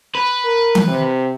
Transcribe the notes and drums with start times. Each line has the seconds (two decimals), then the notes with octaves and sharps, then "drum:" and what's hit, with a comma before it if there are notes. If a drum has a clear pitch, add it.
0.15 B4
0.45 A#4
0.75 drum: tom E3
0.88 C3